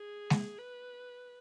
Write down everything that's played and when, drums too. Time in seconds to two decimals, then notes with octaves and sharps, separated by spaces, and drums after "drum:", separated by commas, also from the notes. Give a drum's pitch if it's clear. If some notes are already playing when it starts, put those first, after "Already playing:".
Already playing: G#4
0.30 drum: snare G#3
0.58 B4